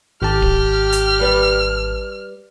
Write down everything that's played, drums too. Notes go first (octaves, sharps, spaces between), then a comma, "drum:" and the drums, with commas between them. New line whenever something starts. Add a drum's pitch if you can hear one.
G#1 G4 A5 F6
drum: kick D1
drum: hi-hat
G3 B4 D5